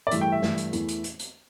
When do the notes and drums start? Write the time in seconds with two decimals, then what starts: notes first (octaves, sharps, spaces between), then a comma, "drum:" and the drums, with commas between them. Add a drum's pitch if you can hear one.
0.07 D5
0.11 G2 E3 A3 E5, drum: hi-hat
0.21 G5
0.32 E5
0.42 G2 E3 A3, drum: snare
0.57 drum: hi-hat
0.73 E2 E3 A3, drum: hi-hat
0.88 drum: hi-hat
1.04 drum: hi-hat
1.19 drum: hi-hat